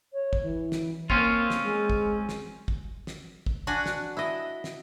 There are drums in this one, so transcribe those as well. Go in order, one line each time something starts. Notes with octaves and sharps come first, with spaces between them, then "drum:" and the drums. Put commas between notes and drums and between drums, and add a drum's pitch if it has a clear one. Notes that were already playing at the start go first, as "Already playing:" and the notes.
C#5
drum: kick
E3
drum: snare
A#3 C4 C#4 F4, drum: kick
drum: snare
G#3
drum: kick
drum: snare
drum: kick
drum: snare
drum: kick
D4 F#4 F#5 G#5
drum: snare
E4 D#5
drum: snare